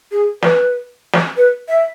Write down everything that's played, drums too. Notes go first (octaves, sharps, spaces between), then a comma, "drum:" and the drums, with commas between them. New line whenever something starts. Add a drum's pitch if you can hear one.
G#4
B4, drum: snare
drum: snare
B4
E5